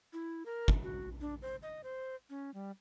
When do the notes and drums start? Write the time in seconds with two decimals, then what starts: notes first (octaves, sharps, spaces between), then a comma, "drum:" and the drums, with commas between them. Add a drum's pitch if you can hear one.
0.13 E4
0.46 A#4
0.68 drum: kick
0.83 F#4
1.21 D4
1.42 C5
1.63 D#5
1.84 C5
2.30 C#4
2.54 G3